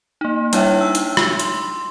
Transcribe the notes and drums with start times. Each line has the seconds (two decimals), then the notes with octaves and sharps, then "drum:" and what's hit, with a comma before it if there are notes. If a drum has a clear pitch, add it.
0.21 A#3 D#4
0.53 G3 D4 E4 C#5 E5 G5, drum: hi-hat
0.81 D#4 E6
0.95 drum: hi-hat
1.17 drum: rim click
1.39 C6, drum: hi-hat